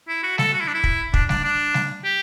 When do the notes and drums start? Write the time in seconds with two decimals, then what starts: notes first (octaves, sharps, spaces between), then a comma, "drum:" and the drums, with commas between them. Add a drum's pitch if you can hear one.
0.08 E4
0.23 F#4
0.38 A4, drum: snare G3
0.53 F#4
0.60 E4
0.68 D4
0.74 E4
0.84 drum: kick
1.14 D4, drum: kick
1.29 D4, drum: snare G3
1.44 D4
1.74 drum: snare G3
2.04 G4